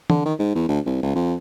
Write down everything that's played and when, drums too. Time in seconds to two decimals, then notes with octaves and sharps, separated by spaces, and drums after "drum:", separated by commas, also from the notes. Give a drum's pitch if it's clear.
0.10 D3, drum: tom E3
0.26 D#3
0.39 G#2
0.55 E2
0.69 D2
0.86 C2
1.03 C#2
1.15 F2